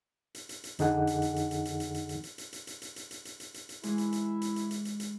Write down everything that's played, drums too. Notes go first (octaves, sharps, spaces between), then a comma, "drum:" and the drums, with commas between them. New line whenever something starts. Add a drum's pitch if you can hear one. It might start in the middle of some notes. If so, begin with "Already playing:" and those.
drum: hi-hat
drum: hi-hat
drum: hi-hat
F2 D3 D#4 G#4 A4 F#5, drum: hi-hat
drum: hi-hat
drum: hi-hat
drum: hi-hat
drum: hi-hat
drum: hi-hat
drum: hi-hat
drum: hi-hat
drum: hi-hat
drum: hi-hat
drum: hi-hat
drum: hi-hat
drum: hi-hat
drum: hi-hat
drum: hi-hat
drum: hi-hat
drum: hi-hat
drum: hi-hat
drum: hi-hat
drum: hi-hat
E3 G#3 E4, drum: hi-hat
drum: hi-hat
drum: hi-hat
drum: hi-hat
drum: hi-hat
drum: hi-hat
drum: hi-hat
drum: hi-hat